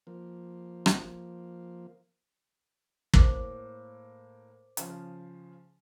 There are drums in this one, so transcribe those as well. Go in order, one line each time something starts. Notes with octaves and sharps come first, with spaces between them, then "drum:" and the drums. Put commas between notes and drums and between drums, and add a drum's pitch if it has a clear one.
F3 A#3
drum: rim click
A2 A#3 A#4 C5 D6, drum: kick
C#3 F3, drum: hi-hat